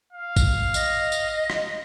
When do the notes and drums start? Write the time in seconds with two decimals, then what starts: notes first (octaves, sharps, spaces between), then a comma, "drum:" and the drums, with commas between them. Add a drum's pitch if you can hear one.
0.13 F5
0.36 drum: kick A1, tambourine
0.74 D#5, drum: tambourine
1.12 drum: tambourine
1.50 drum: rim click